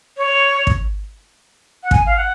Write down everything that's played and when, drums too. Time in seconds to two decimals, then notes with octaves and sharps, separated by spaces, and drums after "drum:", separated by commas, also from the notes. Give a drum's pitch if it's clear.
0.17 C#5
0.67 drum: kick
1.83 F#5
1.91 G#5, drum: kick
2.06 F5
2.16 F#5